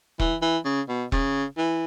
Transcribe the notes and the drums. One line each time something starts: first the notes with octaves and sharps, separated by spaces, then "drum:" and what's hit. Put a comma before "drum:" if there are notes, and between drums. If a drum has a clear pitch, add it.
E3, drum: kick E1
E3
C#3
B2
C#3, drum: kick E1
E3